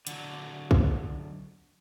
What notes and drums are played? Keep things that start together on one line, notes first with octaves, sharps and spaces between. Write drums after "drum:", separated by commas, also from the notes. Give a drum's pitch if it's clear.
D3 F#3, drum: hi-hat
drum: kick